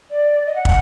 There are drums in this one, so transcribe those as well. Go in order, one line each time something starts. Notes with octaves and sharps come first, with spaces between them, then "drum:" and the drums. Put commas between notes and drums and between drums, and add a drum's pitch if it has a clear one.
D5
D#5
F#5
drum: kick